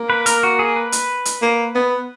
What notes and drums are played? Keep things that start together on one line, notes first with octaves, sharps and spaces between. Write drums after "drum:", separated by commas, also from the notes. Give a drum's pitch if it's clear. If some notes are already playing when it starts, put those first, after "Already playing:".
Already playing: A#3
B4
A#4, drum: hi-hat
F#4
G#4
B4
drum: hi-hat
drum: hi-hat
A#3
B3